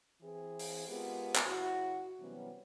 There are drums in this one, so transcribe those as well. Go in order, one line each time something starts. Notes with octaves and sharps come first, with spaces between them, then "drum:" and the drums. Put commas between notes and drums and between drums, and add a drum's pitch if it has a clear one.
E3 C4 G#4
drum: open hi-hat
G#3 B3 F4 G4 G#4 A#4
drum: clap
F#2 C#3 E4 F#4
C3 E3 F#3 G3 B3 C#4